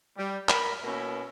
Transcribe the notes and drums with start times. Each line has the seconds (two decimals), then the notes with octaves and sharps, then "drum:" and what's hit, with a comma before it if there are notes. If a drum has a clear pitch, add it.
0.17 G3
0.49 A#4 B5, drum: clap
0.84 B2 A#3 C#4 E4